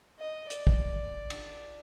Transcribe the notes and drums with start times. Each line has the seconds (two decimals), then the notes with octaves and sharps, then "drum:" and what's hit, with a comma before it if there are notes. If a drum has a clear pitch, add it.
0.19 D#5
0.50 D5, drum: hi-hat
0.67 drum: kick
1.30 drum: cymbal